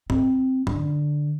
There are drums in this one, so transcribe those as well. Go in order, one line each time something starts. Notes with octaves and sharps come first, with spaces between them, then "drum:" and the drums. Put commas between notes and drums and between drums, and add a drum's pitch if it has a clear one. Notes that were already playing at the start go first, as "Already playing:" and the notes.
C4, drum: tom
D3, drum: tom